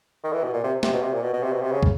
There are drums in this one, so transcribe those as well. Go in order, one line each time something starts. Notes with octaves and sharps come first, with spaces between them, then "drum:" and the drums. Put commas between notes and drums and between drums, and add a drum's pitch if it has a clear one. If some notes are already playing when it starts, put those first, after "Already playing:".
D#3
E3
B2
A#2
C3
C3, drum: snare
B2
C3
A#2
B2
B2
C3
B2
C3
C#3
drum: kick